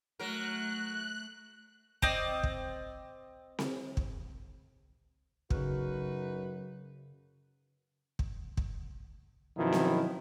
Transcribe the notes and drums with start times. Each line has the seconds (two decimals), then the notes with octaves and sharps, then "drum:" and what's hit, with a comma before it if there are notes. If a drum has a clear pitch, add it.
0.20 F#3 A3 A#4 F#6
2.02 C4 D5 D#5, drum: kick
2.43 drum: kick
3.59 drum: snare C4
3.97 drum: kick
5.50 F#2 C#3 D#4 F#4 B4 F6, drum: kick
8.19 drum: kick
8.57 drum: kick
9.57 F#2 B2 D#3 F3 E4
9.72 drum: snare C4